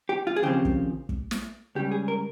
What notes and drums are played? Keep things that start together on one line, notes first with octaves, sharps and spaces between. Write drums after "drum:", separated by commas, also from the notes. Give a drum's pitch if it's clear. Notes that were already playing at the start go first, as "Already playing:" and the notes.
G4
F4
G#4
D#2 C#3 F3 C4 G4
drum: kick
drum: kick
drum: snare
C#2 C#3 G3 G4
G#4
A#4